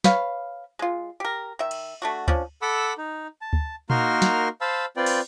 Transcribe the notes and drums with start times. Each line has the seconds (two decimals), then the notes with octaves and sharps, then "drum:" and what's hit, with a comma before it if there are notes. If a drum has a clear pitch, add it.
0.04 B4 C#5 F5, drum: snare
0.79 G#3 F4
1.20 G4 A#4
1.59 D#3 E5
1.71 drum: cymbal
2.02 A3 D4 F#4
2.28 F3 C#4 D4, drum: kick D2
2.62 A4 F#5 B5 D6 E6
2.98 D#4
3.41 A5
3.53 drum: kick D2
3.90 A#3 D#4 F#4 A#4 C6 F6, drum: tom A#2
4.22 drum: snare
4.61 C5 F5 A5 B5 E6
4.97 C4 F4 B4 D5 G5
5.06 drum: open hi-hat